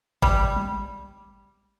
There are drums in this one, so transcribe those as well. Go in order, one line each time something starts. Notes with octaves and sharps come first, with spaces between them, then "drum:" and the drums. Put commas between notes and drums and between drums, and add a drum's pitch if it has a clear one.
G3, drum: kick G#1
drum: tom